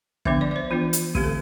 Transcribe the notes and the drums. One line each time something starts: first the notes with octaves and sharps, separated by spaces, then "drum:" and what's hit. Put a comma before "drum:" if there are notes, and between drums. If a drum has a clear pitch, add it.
D3 F3 B3 D4 E5, drum: kick
D5
D5
C5
E3 B3 D4 F4
drum: hi-hat
D3 A3 C4 G4, drum: kick
A4